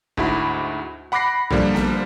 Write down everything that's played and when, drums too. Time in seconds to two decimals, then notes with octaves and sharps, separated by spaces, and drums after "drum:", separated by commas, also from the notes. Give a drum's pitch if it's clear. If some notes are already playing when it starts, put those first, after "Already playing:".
0.17 D2 G#2 E4 F#4 B5, drum: kick
1.12 F#5 B5 D6 F#6 A#6 C7
1.50 D3 F3 G3 A#3, drum: tom A#1
1.75 drum: snare B3